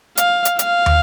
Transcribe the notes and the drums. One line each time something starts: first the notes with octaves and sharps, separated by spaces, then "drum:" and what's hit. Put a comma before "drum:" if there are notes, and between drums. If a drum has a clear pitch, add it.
F5, drum: hi-hat
drum: hi-hat
F5, drum: hi-hat
drum: tom